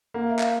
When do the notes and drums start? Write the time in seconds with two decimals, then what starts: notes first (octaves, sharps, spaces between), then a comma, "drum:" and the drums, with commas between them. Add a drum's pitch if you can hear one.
0.14 A#3 F#5
0.23 F5
0.30 E5
0.39 F5, drum: clap